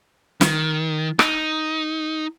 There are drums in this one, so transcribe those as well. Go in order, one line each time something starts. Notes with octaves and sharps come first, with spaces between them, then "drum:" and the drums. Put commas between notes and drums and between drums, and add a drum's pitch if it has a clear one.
D#3, drum: snare
D#4, drum: rim click